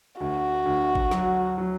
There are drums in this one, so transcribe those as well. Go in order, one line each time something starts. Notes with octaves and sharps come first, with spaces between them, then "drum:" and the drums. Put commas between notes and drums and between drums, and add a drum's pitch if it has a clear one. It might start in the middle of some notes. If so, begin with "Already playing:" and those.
D2 F#4
D2
drum: kick G#1
F#3, drum: snare
F#3